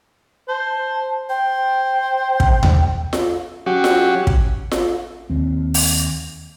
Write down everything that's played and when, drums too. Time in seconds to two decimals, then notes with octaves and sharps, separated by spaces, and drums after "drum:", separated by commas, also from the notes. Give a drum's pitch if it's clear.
0.49 C5 A5
1.29 C5 G5
2.40 drum: kick
2.63 drum: tom D#2
3.13 drum: snare F4
3.66 F#3 C#4 F#4 G4
3.84 drum: snare F4
4.27 drum: kick
4.71 drum: snare F4
5.30 D#2 C4
5.74 drum: open hi-hat